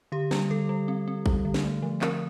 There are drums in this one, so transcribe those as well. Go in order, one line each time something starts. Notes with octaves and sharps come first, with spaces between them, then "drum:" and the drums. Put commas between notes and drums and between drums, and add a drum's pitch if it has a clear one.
D3 G4
G3, drum: snare
D3 A4
G3
C4
C4
G3, drum: kick A1
D3
drum: snare
A3
F3
C4 A#4, drum: clap